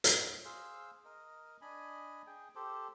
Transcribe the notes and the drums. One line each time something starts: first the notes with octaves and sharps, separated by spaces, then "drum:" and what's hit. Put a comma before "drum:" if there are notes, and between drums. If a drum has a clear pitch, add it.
drum: hi-hat
G#4 C5 F5 E6
A#4 D#5
D4 D#5 G#5 B5
G#4 G5
G4 A4 C5